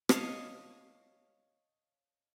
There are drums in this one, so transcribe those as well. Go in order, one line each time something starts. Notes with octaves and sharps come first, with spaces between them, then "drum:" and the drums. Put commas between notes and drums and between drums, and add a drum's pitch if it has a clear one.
C#5 D#5 F5 A5, drum: rim click